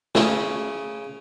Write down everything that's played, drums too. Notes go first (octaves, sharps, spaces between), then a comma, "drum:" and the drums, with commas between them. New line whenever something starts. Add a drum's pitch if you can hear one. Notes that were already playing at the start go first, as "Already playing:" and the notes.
C#3, drum: snare